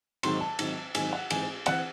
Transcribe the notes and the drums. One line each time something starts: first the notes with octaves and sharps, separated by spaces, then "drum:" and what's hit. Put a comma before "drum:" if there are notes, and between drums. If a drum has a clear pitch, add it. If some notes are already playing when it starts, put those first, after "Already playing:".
G#2 D#3 F#3 C4 C6, drum: cymbal
A5
G#2 D#3 F#3 C4, drum: cymbal
G#2 D#3 F#3 C4 G#5, drum: cymbal
F#5
G#2 E3 C4 G#5, drum: cymbal
E3 C4 F#5, drum: cymbal